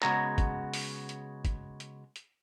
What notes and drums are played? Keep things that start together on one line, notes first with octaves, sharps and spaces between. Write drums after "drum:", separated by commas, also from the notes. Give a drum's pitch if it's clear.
C#3 G#3 B3 F#4 C#5 A#5, drum: clap
drum: kick, hi-hat
drum: open hi-hat
drum: hi-hat
drum: kick, hi-hat
drum: hi-hat
drum: hi-hat